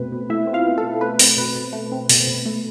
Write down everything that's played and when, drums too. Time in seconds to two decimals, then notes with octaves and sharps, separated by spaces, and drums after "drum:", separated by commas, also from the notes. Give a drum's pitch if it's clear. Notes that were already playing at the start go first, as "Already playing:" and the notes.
Already playing: B2 A3 C4 B4
0.12 B2
0.30 A3 E4 E5
0.47 C4
0.53 F4 F5
0.66 B2
0.78 A4
0.83 B2
1.01 A3 B4
1.19 C4, drum: open hi-hat
1.37 B2 B4
1.55 B2
1.73 A3
1.92 C4
2.09 B2, drum: open hi-hat
2.27 B2
2.46 A3